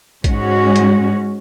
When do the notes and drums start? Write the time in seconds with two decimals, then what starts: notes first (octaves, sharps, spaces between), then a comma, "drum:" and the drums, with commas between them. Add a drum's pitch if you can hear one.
0.24 G#2 G#3 C#4 F#4, drum: kick A1, hi-hat
0.76 drum: hi-hat